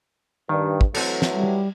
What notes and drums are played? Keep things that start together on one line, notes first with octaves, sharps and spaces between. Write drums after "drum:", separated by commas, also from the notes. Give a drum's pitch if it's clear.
G2 D#3
drum: kick
E3 F#3 A3 C4 A4, drum: cymbal
drum: snare
G3